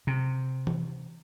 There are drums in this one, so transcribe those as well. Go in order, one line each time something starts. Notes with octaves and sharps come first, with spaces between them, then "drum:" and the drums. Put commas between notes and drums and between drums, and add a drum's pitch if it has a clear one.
C3
drum: tom E3